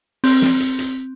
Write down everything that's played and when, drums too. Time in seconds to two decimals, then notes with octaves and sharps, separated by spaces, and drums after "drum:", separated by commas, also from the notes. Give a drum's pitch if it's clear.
0.24 C4, drum: open hi-hat
0.42 drum: snare
0.60 drum: hi-hat
0.79 drum: hi-hat